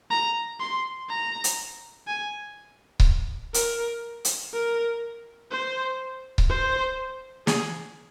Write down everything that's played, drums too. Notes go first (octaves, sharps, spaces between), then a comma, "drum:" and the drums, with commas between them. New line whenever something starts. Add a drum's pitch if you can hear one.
A#5
C6
A#5
drum: hi-hat
G#5
drum: kick C#1
A#4, drum: hi-hat
drum: hi-hat
A#4
C5
drum: kick C#1
C5
G#4, drum: snare